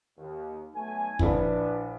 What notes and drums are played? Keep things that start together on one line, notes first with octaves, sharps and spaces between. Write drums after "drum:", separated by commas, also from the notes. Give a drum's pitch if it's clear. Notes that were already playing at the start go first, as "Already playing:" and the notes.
D#2
B1 A3 G#5
A#1 D4 E4 B4, drum: kick